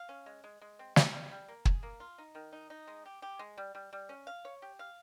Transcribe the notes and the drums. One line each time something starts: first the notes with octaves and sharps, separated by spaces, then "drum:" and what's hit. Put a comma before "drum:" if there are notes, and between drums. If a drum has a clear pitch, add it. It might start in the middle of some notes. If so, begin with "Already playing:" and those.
Already playing: F5
C#4
G#3
G#3
G#3
C4
C4, drum: snare
G3
G3
A#3
G#4, drum: kick
A#3
F4
D#4
D#3
D#4
D#4
G#3
G4
G4
G#3
G3
G3
G3
C#4
F5
C#5
G4
F5